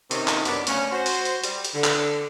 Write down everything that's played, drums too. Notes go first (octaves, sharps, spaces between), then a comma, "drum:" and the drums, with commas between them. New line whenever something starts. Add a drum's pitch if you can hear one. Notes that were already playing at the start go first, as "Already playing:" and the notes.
C3 D#3 C#4 D#4, drum: hi-hat
drum: clap
F#2 B3 D4 B4 D5, drum: hi-hat
D2 C#4, drum: hi-hat
F#4 C5
drum: open hi-hat
drum: hi-hat
G3, drum: hi-hat
drum: hi-hat
D3
drum: clap